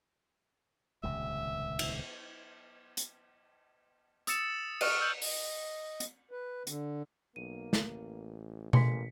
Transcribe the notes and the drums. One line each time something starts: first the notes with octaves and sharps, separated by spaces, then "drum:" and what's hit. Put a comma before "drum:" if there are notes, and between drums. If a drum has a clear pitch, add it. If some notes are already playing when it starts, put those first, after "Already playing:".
D#1 C#2 C3 E5
drum: cymbal
drum: hi-hat
D#6 E6 A6 C#7 E7, drum: hi-hat
C#6 F6 F#6 D#7, drum: cymbal
E6 G6 F#7
D#5, drum: open hi-hat
drum: hi-hat
B4
D3, drum: hi-hat
B1 A#3 D#7
drum: snare
A1
A1 G#3 A#3 B6 C#7, drum: tom B2